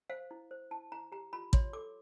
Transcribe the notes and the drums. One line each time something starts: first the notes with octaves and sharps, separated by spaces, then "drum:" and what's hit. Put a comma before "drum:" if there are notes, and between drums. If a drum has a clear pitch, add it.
C5 F5
E4
C5
E4 A5
E4 A#5
G4 A#5
F4 B5
C#5 C6, drum: kick
A4 D6